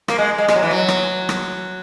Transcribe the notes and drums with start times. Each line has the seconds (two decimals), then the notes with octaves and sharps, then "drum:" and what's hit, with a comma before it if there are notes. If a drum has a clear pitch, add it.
0.08 A#3, drum: rim click
0.18 G#3
0.38 G#3
0.48 G#3, drum: rim click
0.56 F#3
0.63 E3
0.71 F#3
0.88 drum: rim click
1.29 drum: rim click